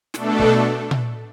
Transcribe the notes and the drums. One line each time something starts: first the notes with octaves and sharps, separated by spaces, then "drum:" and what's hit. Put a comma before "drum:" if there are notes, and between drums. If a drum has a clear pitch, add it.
B2 A3 D4 A4, drum: snare
drum: kick
drum: tom A#2